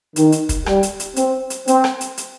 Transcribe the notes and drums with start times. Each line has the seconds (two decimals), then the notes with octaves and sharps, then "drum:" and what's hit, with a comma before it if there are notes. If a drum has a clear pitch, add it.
0.16 D#3, drum: hi-hat
0.32 drum: hi-hat
0.49 drum: kick, hi-hat
0.66 G3, drum: rim click
0.83 drum: hi-hat
1.00 drum: hi-hat
1.16 C4, drum: hi-hat
1.50 drum: hi-hat
1.68 C4, drum: hi-hat
1.84 drum: rim click
2.01 drum: hi-hat
2.18 drum: hi-hat